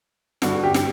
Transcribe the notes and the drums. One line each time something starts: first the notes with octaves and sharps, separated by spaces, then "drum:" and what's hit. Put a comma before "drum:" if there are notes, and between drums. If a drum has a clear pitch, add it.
G2 D3 F#4, drum: snare
G4
drum: snare